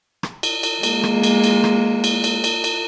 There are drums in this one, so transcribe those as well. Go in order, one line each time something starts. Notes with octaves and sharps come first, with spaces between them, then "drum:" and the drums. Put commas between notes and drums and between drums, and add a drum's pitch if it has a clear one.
drum: rim click
drum: cymbal
drum: cymbal
G#3 A#3, drum: cymbal
drum: rim click
drum: cymbal
drum: cymbal
drum: rim click
drum: cymbal
drum: cymbal
drum: cymbal
drum: cymbal